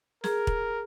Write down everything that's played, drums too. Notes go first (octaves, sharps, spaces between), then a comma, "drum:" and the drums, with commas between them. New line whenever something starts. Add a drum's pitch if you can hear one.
G#4 A#4, drum: snare
drum: kick